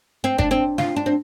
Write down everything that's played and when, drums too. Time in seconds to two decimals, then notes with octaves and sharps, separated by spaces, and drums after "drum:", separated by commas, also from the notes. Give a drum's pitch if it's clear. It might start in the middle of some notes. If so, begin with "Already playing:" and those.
0.24 C4
0.38 D4, drum: kick F#1
0.51 C4
0.78 F4, drum: snare
0.96 D4
1.06 C4